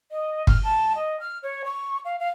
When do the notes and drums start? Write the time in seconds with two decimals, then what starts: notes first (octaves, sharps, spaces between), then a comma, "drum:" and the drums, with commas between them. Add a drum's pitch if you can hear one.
0.11 D#5
0.47 F6, drum: kick
0.64 A5
0.95 D#5
1.20 F6
1.43 C#5
1.65 C#6
2.05 F5
2.20 F5